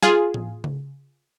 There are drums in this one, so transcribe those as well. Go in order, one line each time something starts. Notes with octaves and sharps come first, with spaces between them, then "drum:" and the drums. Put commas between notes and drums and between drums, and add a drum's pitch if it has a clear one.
F4 G#4, drum: snare
drum: tom A2
drum: tom C#3